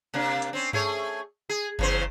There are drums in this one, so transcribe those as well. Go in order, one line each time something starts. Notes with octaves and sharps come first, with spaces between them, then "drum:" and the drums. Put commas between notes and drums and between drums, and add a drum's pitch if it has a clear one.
C3 A#3 D4
drum: hi-hat
C4 C#4
A3 G#4 C#5, drum: tom G2
G#4
E2 C#3 C5, drum: kick G1